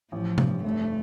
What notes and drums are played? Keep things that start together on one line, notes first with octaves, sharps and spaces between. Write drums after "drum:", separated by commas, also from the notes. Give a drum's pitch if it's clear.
A1 F3
G2, drum: tom C3
F1 A3